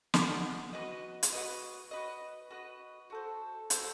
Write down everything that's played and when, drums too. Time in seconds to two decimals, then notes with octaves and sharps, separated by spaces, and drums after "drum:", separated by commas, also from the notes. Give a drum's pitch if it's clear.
0.14 B3 D#4 F#4, drum: snare
0.73 F#4 B4 D#5
1.23 drum: hi-hat
1.33 F#4 B4 D#5
1.91 F#4 B4 D#5
2.51 F#4 B4 D#5
3.10 F#4 A4 C5
3.70 F#4 A4 C5, drum: hi-hat